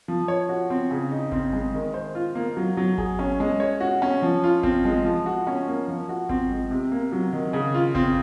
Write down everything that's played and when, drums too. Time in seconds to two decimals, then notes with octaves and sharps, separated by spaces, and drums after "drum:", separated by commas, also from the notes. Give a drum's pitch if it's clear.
0.08 F3
0.28 C#5
0.49 F#4
0.70 C4
0.91 C#3
1.11 D#4
1.32 C4, drum: kick G#1
1.53 G#3
1.74 D#3
1.94 C5
2.15 F4
2.35 A#3
2.57 F#3
2.77 F#3
2.98 G#4, drum: kick G#1
3.19 C#4
3.40 G#3
3.60 C#5
3.81 F#4
4.02 C#4
4.22 F3
4.44 F4
4.63 C4, drum: kick G#1
4.85 G#3
5.05 F3
5.26 F#4
5.47 C#4
5.67 A#3
5.88 F3
6.09 F#4
6.29 C4, drum: kick G#1
6.51 G#3
6.71 C3
6.92 A#3
7.12 F#3
7.33 D#3
7.53 C#3
7.75 F4
7.95 C4, drum: kick G#1